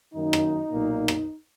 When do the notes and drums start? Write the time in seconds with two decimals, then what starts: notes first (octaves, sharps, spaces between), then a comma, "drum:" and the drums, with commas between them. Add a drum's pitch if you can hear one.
0.14 F#2 D#3 A#3 D#4
0.33 drum: rim click
0.71 B1 A#2 A#3
1.08 drum: rim click